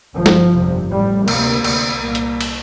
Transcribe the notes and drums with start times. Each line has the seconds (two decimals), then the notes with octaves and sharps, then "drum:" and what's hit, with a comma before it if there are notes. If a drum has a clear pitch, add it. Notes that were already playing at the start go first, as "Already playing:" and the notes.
0.16 G1 G2 F3
0.26 drum: snare
0.53 G1 F2 C3
0.90 A1 A2 G3
1.28 D2 C3 A#3, drum: cymbal
1.64 D2 C3 A#3, drum: cymbal
2.02 C2 A#2 A#3
2.15 drum: hi-hat
2.41 drum: cymbal